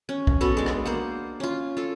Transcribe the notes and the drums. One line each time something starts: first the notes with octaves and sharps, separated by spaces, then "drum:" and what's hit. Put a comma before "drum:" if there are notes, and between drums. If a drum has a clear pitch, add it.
C#4
drum: kick A#1
B3 F#4 A4
G#3 D4
drum: rim click
A#3 C5 F#5
C#4 F4
F4 A4